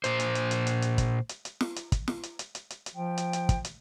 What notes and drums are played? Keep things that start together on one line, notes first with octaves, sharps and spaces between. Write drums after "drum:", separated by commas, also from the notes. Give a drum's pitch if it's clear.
A#2 C5, drum: hi-hat
drum: hi-hat
drum: hi-hat
drum: hi-hat
drum: hi-hat
drum: hi-hat
drum: kick, hi-hat
drum: hi-hat
drum: hi-hat
drum: snare
drum: hi-hat
drum: kick, hi-hat
drum: snare
drum: hi-hat
drum: hi-hat
drum: hi-hat
drum: hi-hat
drum: hi-hat
F3 G5
drum: hi-hat
drum: hi-hat
drum: kick, hi-hat
drum: hi-hat